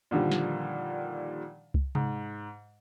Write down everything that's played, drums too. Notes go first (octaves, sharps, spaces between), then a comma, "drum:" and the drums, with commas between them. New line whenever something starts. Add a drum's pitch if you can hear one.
A#2 D3 D#3 F3 G3
drum: snare
drum: kick C2
G#2, drum: tom C3